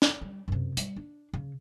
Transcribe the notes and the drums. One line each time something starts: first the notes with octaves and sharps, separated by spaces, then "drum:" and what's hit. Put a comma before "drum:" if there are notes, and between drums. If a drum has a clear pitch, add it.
drum: snare
G3
F#2 C3
G3, drum: hi-hat
D4
C#3